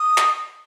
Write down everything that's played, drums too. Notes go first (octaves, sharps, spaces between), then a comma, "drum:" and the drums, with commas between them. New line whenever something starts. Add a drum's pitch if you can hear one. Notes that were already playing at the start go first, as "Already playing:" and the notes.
Already playing: D#6
drum: clap